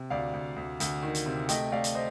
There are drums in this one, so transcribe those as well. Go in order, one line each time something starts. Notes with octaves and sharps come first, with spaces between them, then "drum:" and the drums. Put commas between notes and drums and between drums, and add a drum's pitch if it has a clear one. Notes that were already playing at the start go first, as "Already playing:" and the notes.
Already playing: C3
D2 D5 F5
D2
D2
D2, drum: hi-hat
D#3
drum: hi-hat
C3
A3 D#5 G5, drum: hi-hat
A3 D5 F5
drum: hi-hat
C5 D#5